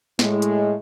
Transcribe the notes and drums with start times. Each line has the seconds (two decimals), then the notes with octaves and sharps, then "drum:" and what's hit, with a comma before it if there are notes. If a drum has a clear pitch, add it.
0.19 A2 G#3, drum: snare
0.42 drum: hi-hat